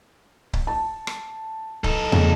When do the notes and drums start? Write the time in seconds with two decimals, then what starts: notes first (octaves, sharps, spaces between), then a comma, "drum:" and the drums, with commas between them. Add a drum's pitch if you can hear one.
0.53 drum: kick C#1
0.67 A5
1.07 drum: rim click
1.84 D#4 A4, drum: kick C#1
2.12 F2 A#2 C#3, drum: tom E2